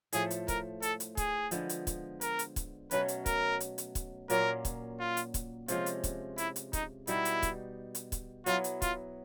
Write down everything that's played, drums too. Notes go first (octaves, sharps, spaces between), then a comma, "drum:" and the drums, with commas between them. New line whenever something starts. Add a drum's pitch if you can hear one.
A2 F3 A3 G#4, drum: hi-hat
drum: hi-hat
A#4, drum: kick C#1, hi-hat
A4, drum: hi-hat
drum: hi-hat
G#4, drum: kick C#1, hi-hat
D3 F3 G#3 B3, drum: hi-hat
drum: hi-hat
drum: kick C#1, hi-hat
A#4, drum: hi-hat
drum: hi-hat
drum: kick C#1, hi-hat
B2 F#3 A3 C#4 B4, drum: hi-hat
drum: hi-hat
A#4, drum: kick C#1, hi-hat
drum: hi-hat
drum: hi-hat
drum: kick C#1, hi-hat
A#2 F#3 A#3 C#4 A#4, drum: hi-hat
drum: kick C#1, hi-hat
F4
drum: hi-hat
drum: kick C#1, hi-hat
C3 F3 G#3 C#4 F4, drum: hi-hat
drum: hi-hat
drum: kick C#1, hi-hat
E4, drum: hi-hat
drum: hi-hat
D#4, drum: kick C#1, hi-hat
B2 G3 B3 D#4 E4, drum: hi-hat
drum: hi-hat
drum: kick C#1, hi-hat
drum: hi-hat
drum: kick C#1, hi-hat
F#3 B3 E4 F4, drum: hi-hat
drum: hi-hat
F4, drum: kick C#1, hi-hat